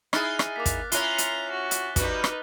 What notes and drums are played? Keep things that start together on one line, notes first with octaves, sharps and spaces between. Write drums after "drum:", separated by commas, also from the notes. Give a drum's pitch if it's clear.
D#4 E4 G#4 F6 F#6 A6, drum: rim click
drum: rim click
A#3 D6 B6
drum: kick, hi-hat
C#4 E4 F4 A#5 C6 F#6 G7, drum: hi-hat
drum: hi-hat
F#4
drum: hi-hat
G3 D#4 F#4 B4, drum: kick, hi-hat
drum: rim click